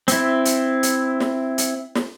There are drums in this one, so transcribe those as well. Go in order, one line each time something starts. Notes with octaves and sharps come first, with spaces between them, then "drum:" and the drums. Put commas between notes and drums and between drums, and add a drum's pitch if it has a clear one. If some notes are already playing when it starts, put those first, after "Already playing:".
C4 E4, drum: hi-hat
drum: hi-hat
drum: hi-hat
drum: snare
drum: hi-hat
drum: snare